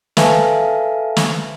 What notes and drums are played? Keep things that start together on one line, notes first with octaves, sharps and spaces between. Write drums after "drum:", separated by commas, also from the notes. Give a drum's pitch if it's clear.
A4 B4 E5 F5 G#5 A5, drum: snare
drum: snare